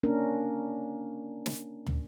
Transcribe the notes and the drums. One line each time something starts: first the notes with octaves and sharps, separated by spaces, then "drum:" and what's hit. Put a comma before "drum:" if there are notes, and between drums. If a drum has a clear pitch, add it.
A#3 C#4 D4 A#4
drum: snare
drum: tom